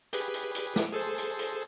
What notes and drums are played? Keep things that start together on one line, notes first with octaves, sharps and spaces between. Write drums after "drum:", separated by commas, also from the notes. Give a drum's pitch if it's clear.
G4 G#4 B4, drum: hi-hat
drum: hi-hat
drum: hi-hat
drum: snare
G#4 A4 C5
drum: hi-hat
drum: hi-hat